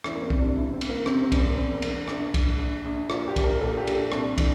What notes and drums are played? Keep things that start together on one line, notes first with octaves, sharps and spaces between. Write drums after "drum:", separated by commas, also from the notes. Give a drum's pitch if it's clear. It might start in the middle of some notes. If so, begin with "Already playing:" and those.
E2 E4, drum: rim click
A#3
C4
C3, drum: kick
D4
E1 E4
C4
E1, drum: cymbal
A#3
C3 C4, drum: rim click
C4
E2, drum: kick, cymbal
A#3
E2 C4
A#3
E1, drum: cymbal
A#1, drum: rim click
A#1, drum: kick, cymbal
A#1
A#1
A#2 F4, drum: rim click
G4
A#1, drum: kick, cymbal
A#4
A#2 A4
G4
A#1, drum: cymbal
A4
C2 D4, drum: rim click
E3 D4, drum: kick, cymbal